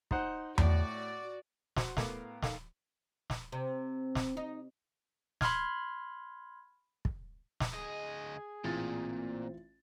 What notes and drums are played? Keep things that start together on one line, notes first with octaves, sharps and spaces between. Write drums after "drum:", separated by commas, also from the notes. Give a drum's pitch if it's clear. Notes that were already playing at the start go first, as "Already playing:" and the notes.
D#4 C5 F#5, drum: kick
A2 F#4 D5, drum: tom E2
F#4 C5 F#5, drum: snare
A2 B3 A#4 F5 D6, drum: snare
D#3 A4 F5, drum: snare
drum: snare
C3
drum: snare
D#4
B5 C6 F6 G#6, drum: snare
drum: kick
drum: snare
D2 G#4 D#5 G#6
A1 A#2 C4 F4 A6